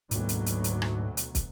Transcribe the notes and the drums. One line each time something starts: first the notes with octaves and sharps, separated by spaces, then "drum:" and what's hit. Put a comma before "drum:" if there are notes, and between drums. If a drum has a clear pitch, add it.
D2 G#2 B2 F#3 A#3, drum: hi-hat
drum: hi-hat
drum: hi-hat
drum: hi-hat
drum: rim click
drum: hi-hat
drum: kick, hi-hat